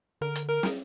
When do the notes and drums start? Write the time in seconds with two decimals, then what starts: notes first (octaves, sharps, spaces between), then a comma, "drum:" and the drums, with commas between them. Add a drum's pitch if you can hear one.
0.21 D3 A#4
0.36 drum: hi-hat
0.50 A#4
0.63 drum: snare